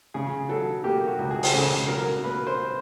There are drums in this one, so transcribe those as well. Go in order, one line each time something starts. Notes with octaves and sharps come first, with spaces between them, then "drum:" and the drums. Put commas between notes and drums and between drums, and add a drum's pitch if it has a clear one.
C#3 G#4
F#3 A4
A#3 G4
F#4
C#2
G#4
drum: open hi-hat
C#3 A4
F#3 A#4
A#3 B4
C5